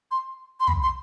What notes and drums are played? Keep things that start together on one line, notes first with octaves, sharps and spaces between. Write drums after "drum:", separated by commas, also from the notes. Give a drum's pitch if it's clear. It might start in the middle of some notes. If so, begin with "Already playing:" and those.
C6
C6
B5, drum: tom
C6